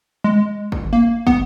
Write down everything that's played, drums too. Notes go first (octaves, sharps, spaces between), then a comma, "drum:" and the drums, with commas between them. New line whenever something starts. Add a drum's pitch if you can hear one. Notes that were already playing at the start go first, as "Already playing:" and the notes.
G#3
drum: kick
A#3
B3, drum: kick